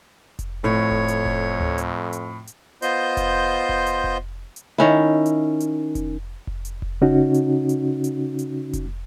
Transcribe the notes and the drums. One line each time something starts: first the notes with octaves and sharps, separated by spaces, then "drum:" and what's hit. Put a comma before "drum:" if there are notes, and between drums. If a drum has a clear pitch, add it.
drum: kick F1, hi-hat
F2 A2 C#5
drum: kick F1
drum: hi-hat
drum: kick F1
drum: tom D2
drum: hi-hat
drum: hi-hat
drum: hi-hat
B3 F4 C5 D#5 C6 G6, drum: hi-hat
drum: kick F1, hi-hat
drum: kick F1
drum: hi-hat
drum: kick F1
drum: hi-hat
D#3 C#4 E4
drum: hi-hat
drum: hi-hat
drum: kick F1, hi-hat
drum: kick F1
drum: hi-hat
drum: kick F1
C#3 C#4 D#4 F#4
drum: hi-hat
drum: hi-hat
drum: hi-hat
drum: hi-hat
drum: kick F1, hi-hat